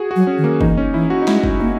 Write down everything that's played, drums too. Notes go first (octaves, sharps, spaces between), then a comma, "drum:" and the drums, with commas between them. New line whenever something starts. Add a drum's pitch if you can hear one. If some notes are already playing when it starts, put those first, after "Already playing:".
Already playing: F#4 G#4
F#4
F#3
C#4
D#3
A#3
E3 D#4, drum: kick
C#4
E3 E4
F#4
D#4
G#3 E4, drum: snare
drum: kick
A#3 D#4